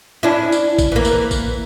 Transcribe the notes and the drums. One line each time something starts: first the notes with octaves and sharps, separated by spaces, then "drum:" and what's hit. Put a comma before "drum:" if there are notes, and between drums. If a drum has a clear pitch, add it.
C#4 D4 E4
drum: tambourine
drum: kick A1, tambourine
E3 A#3
drum: tambourine
drum: kick A1, tambourine